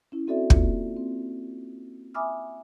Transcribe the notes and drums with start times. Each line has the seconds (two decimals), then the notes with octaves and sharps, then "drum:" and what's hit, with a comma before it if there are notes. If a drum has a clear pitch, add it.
0.12 C#4 E4
0.27 C4 F#4 A4 D5 E5
0.50 A#3 F4, drum: kick
0.97 C4
2.14 E5 G#5 B5 D6 D#6 F6